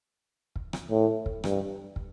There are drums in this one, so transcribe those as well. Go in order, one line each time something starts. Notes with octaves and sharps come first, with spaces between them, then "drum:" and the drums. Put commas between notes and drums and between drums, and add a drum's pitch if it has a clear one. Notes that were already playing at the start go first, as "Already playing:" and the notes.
drum: kick
drum: rim click
A2
drum: kick
G2, drum: rim click
drum: kick